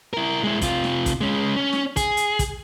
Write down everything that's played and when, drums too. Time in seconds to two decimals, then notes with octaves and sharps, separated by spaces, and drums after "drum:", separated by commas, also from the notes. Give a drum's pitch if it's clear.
0.13 E4 A#4
0.43 G#3 E4
0.61 C3 F4, drum: kick, hi-hat
0.84 drum: snare
1.06 drum: kick, hi-hat
1.21 G#3 C#4
1.56 C#4
1.73 drum: snare
1.96 G#4, drum: kick, hi-hat
2.17 drum: hi-hat
2.39 drum: kick, hi-hat